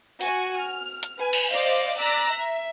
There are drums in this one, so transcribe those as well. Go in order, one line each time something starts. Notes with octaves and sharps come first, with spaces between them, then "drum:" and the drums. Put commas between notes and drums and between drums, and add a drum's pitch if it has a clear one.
F#4 G#5 C#6, drum: open hi-hat
F6
drum: hi-hat
B4 G#5
drum: cymbal
C5 D5 D#5 F5
D5 A#5 E6 F#6 B6
E5